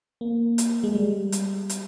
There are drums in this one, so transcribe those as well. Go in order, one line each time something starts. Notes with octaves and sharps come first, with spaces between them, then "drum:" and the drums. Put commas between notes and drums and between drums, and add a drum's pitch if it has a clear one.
A#3
drum: hi-hat
G#3
G3
drum: hi-hat
drum: hi-hat